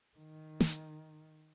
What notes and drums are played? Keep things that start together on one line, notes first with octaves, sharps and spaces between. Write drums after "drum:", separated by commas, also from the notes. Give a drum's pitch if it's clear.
D#3
drum: snare